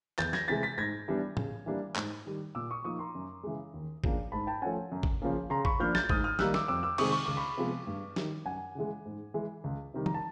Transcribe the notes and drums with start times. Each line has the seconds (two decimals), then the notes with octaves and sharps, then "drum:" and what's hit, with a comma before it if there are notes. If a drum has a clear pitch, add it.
0.18 E2 G6 A6, drum: clap
0.33 G#6 A#6, drum: snare
0.48 C3 E3 G#3 A6 B6
0.63 A6 B6
0.78 G#2 G#6 A#6
1.08 E3 G3 B3 D4
1.37 C#3, drum: tom A2
1.66 E3 G3 A#3 D4
1.96 G#2, drum: clap
2.26 D#3 G3
2.55 A#2 D6 E6
2.71 C#6 D#6
2.85 F3 A#3 D#4 C#6 D#6
2.99 A#5 C6
3.15 F#2
3.43 C#3 E3 G#3
3.74 D#2
4.04 C#3 F3 A#3 D4, drum: kick
4.32 G#2 A5 B5
4.47 G5 A5
4.62 F3 A3 C#4 F#5 G#5
4.92 F#2
5.03 drum: kick
5.22 C#3 F3 A#3 C#4
5.50 C#3 A#5 C6
5.65 B5 C#6, drum: kick
5.80 F3 A#3 D4 F6 G6
5.95 G6 A6, drum: snare
6.10 G#2 D#6 F6, drum: kick
6.24 D#6 F6
6.39 D#3 G3 A#3 D#4 E6 F#6, drum: snare
6.54 D6 E6, drum: snare
6.68 F2 D6 E6
6.83 D6 E6
6.98 C3 D#3 G#3 C4 C#6 D#6, drum: cymbal
7.12 C#6
7.26 C#2 D6
7.37 B5 C#6
7.57 C3 F3 G#3 B3
7.87 G2
8.16 D#3 G3, drum: snare
8.46 F#2 F#5 G#5
8.75 C#3 E3 G#3
9.06 G#2
9.34 E3 G#3
9.64 C#2
9.94 C3 D#3 G3
10.06 A#5, drum: tom
10.14 A5